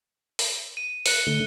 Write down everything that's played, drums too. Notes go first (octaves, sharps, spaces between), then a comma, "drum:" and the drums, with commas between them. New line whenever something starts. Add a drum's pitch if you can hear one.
drum: open hi-hat
D#7
F#6 C#7, drum: open hi-hat
D3 A3 G7